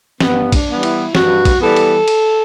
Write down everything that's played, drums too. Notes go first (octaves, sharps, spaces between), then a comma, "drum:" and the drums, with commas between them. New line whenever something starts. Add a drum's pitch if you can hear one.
G2 B3, drum: snare
D4, drum: kick, cymbal
E3 G3 B3
E4, drum: cymbal
G2 F#4, drum: snare
drum: kick, cymbal
E3 G3 B3 A4
drum: cymbal
drum: cymbal